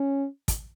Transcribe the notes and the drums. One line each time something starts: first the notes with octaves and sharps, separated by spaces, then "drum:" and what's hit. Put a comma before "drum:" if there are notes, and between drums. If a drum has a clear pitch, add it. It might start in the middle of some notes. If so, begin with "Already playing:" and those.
Already playing: C#4
drum: kick, hi-hat